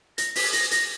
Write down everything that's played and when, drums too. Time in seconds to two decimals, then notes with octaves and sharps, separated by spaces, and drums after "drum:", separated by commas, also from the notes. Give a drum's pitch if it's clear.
0.18 A#6, drum: hi-hat
0.35 B6, drum: open hi-hat
0.53 A#6, drum: hi-hat
0.71 A#6, drum: hi-hat